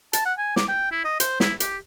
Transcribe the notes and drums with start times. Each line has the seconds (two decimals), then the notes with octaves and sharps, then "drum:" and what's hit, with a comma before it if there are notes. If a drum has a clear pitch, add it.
0.13 A5, drum: hi-hat
0.25 F#5
0.38 G#5
0.56 D6, drum: snare
0.68 G5
0.91 E4
1.05 D#5
1.20 C5, drum: hi-hat
1.40 E4, drum: snare
1.60 G4, drum: hi-hat